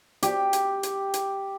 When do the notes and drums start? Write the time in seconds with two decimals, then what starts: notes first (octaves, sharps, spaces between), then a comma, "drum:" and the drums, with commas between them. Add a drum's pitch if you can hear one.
0.23 G4, drum: hi-hat
0.53 drum: hi-hat
0.83 drum: hi-hat
1.14 drum: hi-hat